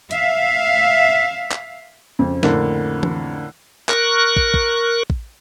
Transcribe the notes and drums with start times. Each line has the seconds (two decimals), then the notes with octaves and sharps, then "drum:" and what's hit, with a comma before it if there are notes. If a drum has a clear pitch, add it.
0.11 E5 F5, drum: hi-hat
1.52 drum: clap
2.19 F2 C#3 C4
2.43 A2 D3 A#3, drum: snare
3.03 drum: tom E3
3.89 A#4 C#6 F#6, drum: clap
4.37 drum: kick
4.54 drum: kick
5.10 drum: kick